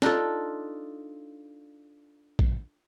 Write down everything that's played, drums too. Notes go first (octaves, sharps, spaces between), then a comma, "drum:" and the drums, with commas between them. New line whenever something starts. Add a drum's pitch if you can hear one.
D4 D#4 F4 A4, drum: snare
drum: kick A#1